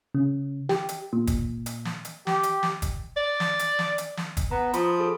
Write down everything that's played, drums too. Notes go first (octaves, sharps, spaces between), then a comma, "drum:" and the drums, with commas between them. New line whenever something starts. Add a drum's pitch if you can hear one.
C#3
G4, drum: snare
drum: hi-hat
A#2
drum: kick, hi-hat
drum: hi-hat
drum: snare
drum: hi-hat
G4, drum: snare
drum: hi-hat
drum: snare
drum: kick, hi-hat
D5
drum: snare
drum: hi-hat
drum: snare
drum: hi-hat
drum: snare
drum: kick, hi-hat
B3 A#5
F3 B5 D#6, drum: hi-hat
G#4 A4